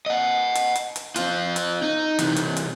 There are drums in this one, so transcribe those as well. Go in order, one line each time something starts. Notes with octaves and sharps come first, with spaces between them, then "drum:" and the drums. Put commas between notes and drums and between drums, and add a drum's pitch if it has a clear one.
D#5 F#5
drum: hi-hat
drum: hi-hat
drum: hi-hat
C4 F4, drum: hi-hat
drum: hi-hat
D#4
C3 E3, drum: hi-hat
drum: hi-hat
drum: hi-hat